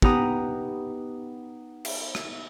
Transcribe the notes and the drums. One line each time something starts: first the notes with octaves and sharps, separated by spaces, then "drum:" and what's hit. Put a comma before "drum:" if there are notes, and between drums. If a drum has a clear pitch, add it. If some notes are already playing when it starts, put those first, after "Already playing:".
B3 D#4 G4 B4 A#5 D#6, drum: kick
drum: cymbal
drum: rim click